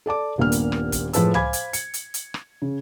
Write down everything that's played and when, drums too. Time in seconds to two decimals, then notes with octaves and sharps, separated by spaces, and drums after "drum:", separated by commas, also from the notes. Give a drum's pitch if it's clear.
0.06 A4 D5 A5 D6
0.38 D#1 G2 A#2 A#3 B3 F6
0.52 drum: hi-hat
0.72 drum: rim click
0.92 drum: kick, hi-hat
1.13 A2 F3 G#3 B4 A5 E6, drum: hi-hat
1.34 C5 F5 G#5 B5 D6 G#6, drum: tom
1.53 drum: hi-hat
1.73 C#7, drum: hi-hat
1.94 drum: hi-hat
2.14 drum: hi-hat
2.34 drum: rim click
2.62 C#3